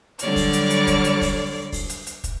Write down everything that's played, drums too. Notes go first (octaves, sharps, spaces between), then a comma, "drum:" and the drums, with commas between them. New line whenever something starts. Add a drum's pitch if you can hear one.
D3 F#3 G3 C#5 D5 F6, drum: hi-hat
drum: kick, open hi-hat
drum: hi-hat
drum: hi-hat
drum: kick, hi-hat
drum: hi-hat
drum: kick, open hi-hat
drum: kick, open hi-hat
drum: hi-hat
drum: hi-hat
drum: kick, hi-hat